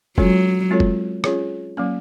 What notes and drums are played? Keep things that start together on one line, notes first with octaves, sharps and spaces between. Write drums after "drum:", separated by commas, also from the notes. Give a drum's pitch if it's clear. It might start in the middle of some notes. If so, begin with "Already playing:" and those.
F#3 G#3 C#4 F4 A4 C#5, drum: kick
G#3 C4 F4 A4 C#5
drum: kick
C#4 F4 G#4 C#5, drum: rim click
F#3 A#3 C#4